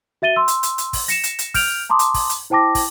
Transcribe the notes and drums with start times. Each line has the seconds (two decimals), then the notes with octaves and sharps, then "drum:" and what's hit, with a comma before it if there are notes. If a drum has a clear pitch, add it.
0.22 F#4 E5 A6 D#7 G7
0.36 C6 E6
0.48 drum: hi-hat
0.63 drum: hi-hat
0.78 drum: hi-hat
0.93 drum: kick, open hi-hat
1.08 A#6 C#7 E7, drum: hi-hat
1.23 drum: hi-hat
1.39 drum: hi-hat
1.54 F6 G6 D7 F7, drum: kick, open hi-hat
1.90 A5 A#5 C6 D6 D#6
1.99 drum: hi-hat
2.14 drum: kick, open hi-hat
2.29 drum: hi-hat
2.50 E4 C5 G5 A5 D6 A#6
2.75 drum: kick, open hi-hat